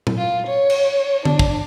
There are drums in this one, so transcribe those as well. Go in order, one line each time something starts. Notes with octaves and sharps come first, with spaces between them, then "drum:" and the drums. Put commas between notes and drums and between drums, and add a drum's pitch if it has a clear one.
drum: tom A#2
F4
C#5
drum: cymbal
D4, drum: tom D3
drum: kick